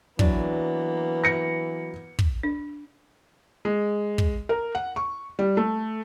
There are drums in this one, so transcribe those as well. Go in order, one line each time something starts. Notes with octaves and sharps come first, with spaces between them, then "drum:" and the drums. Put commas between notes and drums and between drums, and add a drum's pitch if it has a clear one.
E3 F#3 A#3 B3 D4, drum: kick
A#6 C#7
drum: kick
D4
G#3
drum: kick
A#4
F#5
C#6
G3
A3